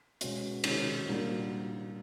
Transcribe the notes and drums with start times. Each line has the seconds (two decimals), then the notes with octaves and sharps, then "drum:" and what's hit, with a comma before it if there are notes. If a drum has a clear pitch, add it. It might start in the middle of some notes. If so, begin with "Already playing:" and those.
0.21 B2 G#3 C#4 F#4, drum: hi-hat
0.64 C3 D#3 G#3 C#4, drum: cymbal
1.07 A#2 G3 A#3 D4 F#4